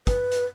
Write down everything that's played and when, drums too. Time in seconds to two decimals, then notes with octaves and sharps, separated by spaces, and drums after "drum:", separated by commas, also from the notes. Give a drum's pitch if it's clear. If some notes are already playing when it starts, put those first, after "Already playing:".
0.07 B4, drum: kick, hi-hat
0.32 drum: hi-hat